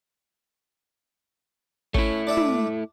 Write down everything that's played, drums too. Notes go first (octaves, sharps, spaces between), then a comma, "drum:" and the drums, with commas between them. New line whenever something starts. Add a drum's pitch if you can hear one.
A3 C#4 E4, drum: kick
D4 D5 E5
drum: tom